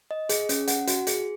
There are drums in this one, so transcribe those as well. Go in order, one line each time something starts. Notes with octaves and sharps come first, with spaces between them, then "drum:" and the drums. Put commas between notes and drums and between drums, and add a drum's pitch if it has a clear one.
D#5
G#4, drum: hi-hat
C#4, drum: hi-hat
F#5, drum: hi-hat
F#4, drum: hi-hat
G#4, drum: hi-hat